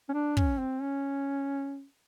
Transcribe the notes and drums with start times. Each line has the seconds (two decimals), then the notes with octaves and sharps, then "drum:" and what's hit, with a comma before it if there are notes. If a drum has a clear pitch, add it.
0.09 C#4
0.13 D4
0.37 C#4, drum: kick
0.59 C4
0.82 C#4